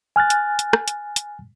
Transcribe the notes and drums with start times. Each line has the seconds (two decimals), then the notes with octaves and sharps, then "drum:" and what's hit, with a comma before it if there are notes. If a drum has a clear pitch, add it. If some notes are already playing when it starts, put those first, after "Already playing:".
0.16 G#5 F6 F#6 A6
0.30 drum: hi-hat
0.59 drum: hi-hat
0.73 drum: rim click
0.88 drum: hi-hat
1.16 drum: hi-hat